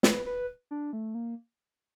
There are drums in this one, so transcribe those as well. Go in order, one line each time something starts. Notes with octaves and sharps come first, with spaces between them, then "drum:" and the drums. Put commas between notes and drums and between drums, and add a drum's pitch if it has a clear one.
B4, drum: snare
B4
D4
A3
A#3